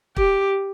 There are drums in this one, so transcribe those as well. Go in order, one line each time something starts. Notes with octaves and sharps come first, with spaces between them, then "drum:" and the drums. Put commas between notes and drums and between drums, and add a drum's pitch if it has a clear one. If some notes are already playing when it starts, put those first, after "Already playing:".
G4, drum: kick